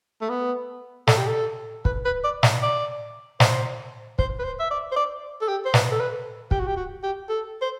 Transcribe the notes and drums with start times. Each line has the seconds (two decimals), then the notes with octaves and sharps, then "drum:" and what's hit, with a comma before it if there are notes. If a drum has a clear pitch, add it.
0.21 A3
0.29 B3
1.07 A4, drum: snare
1.17 G4
1.27 A4
1.85 B4, drum: kick
2.05 B4
2.24 D5
2.43 E5, drum: snare
2.62 D5
3.40 C5, drum: snare
4.19 C5, drum: kick
4.39 B4
4.44 C5
4.60 E5
4.71 D5
4.92 C5
4.96 D5
5.41 A4
5.48 G4
5.65 C5
5.74 B4, drum: snare
5.91 A4
6.00 B4
6.51 G4, drum: kick
6.60 F#4
6.67 G4
6.77 F#4
7.03 G4
7.29 A4
7.62 C5